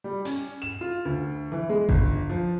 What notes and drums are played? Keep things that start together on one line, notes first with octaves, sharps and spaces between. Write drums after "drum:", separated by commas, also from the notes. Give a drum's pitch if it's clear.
G3
C#4, drum: open hi-hat
E7
F4
D2
E3
G#3
G1, drum: kick G#1
F3